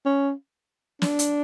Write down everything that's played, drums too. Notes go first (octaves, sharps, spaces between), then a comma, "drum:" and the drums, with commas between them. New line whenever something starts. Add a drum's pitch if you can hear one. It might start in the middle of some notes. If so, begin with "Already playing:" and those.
C#4
D4, drum: snare
drum: hi-hat